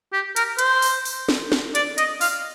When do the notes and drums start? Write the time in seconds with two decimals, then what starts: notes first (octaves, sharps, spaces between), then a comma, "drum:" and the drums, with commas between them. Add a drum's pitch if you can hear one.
0.13 G4
0.36 A#4, drum: hi-hat
0.59 C5, drum: hi-hat
0.82 drum: open hi-hat
1.05 drum: open hi-hat
1.29 drum: snare
1.52 drum: snare
1.75 D5, drum: hi-hat
1.98 D#5, drum: hi-hat
2.21 F5, drum: open hi-hat